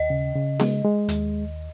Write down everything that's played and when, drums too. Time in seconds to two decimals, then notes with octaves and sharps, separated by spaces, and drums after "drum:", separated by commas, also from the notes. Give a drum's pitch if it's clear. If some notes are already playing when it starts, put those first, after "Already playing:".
Already playing: D#2 D#5
0.10 C#3
0.35 C#3
0.60 G#3, drum: snare B3
0.85 G#3
1.09 D#2, drum: hi-hat